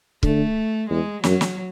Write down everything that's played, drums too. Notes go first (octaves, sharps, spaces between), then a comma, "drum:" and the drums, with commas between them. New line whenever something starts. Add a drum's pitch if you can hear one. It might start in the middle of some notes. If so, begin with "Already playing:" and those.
D3 A3, drum: kick
E2 G#3
F#2 F#3, drum: snare
drum: snare